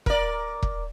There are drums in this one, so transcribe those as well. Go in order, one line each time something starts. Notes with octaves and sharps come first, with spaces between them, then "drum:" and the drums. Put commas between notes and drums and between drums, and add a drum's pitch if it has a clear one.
A#4 D5, drum: kick E1
drum: kick E1